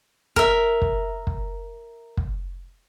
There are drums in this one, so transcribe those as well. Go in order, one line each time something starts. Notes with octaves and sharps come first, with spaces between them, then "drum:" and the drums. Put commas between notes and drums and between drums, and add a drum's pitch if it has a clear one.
A#4 E5, drum: kick
drum: kick
drum: kick
drum: kick